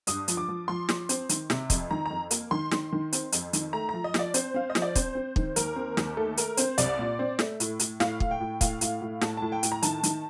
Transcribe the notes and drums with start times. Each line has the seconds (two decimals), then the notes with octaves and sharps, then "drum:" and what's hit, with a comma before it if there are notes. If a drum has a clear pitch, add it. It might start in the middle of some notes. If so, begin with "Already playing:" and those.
0.07 G2 D#6, drum: hi-hat
0.28 F3, drum: hi-hat
0.37 D6
0.49 F3
0.68 F3 C6
0.89 F3, drum: snare
1.09 C4, drum: hi-hat
1.29 D#3, drum: hi-hat
1.50 C3, drum: snare
1.70 F2, drum: kick, hi-hat
1.91 D#3 A#5
2.06 F2 A#5
2.31 A#3, drum: hi-hat
2.51 D#3 C6
2.71 D#3, drum: snare
2.92 D#3
3.13 C4, drum: hi-hat
3.32 F2, drum: hi-hat
3.53 D#3, drum: hi-hat
3.73 A3 A#5
3.89 F3 A#5
4.04 D#5
4.14 F3 D5, drum: snare
4.34 C4 C5, drum: hi-hat
4.54 C4 F5
4.70 D#5
4.75 F3, drum: snare
4.82 D5
4.95 C4 C5, drum: kick, hi-hat
5.15 C4
5.36 D#3, drum: kick
5.56 D#2 A#4, drum: hi-hat
5.76 C4
5.97 D#2, drum: snare
6.17 A3 A4
6.37 A3 A#4, drum: hi-hat
6.57 C4 C5, drum: hi-hat
6.78 C2 D5, drum: hi-hat
6.99 A#2
7.19 C4
7.39 A3, drum: snare
7.60 A2, drum: hi-hat
7.79 A2, drum: hi-hat
8.00 A2 F5, drum: snare
8.20 A2, drum: kick
8.31 G5
8.40 A2
8.61 A2 F5, drum: kick, hi-hat
8.81 A2, drum: hi-hat
9.01 A2
9.21 A2 A5, drum: snare
9.37 A2 A5
9.52 G5
9.63 A2, drum: hi-hat
9.72 A#5
9.82 D#3 A5, drum: hi-hat
10.03 D#3, drum: hi-hat